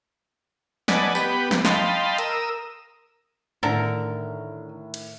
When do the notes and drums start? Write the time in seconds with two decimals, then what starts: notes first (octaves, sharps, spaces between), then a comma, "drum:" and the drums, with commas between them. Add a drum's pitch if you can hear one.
0.88 B4 D5 D#5 F#5 G#5 A5, drum: snare
1.15 B3 G4 B4, drum: tambourine
1.51 drum: snare
1.65 D#5 F5 G5 A5 B5 C6, drum: snare
2.18 A#4 D#6 E6, drum: hi-hat
3.63 A2 D3 D#3 A4 A#4
4.94 drum: cymbal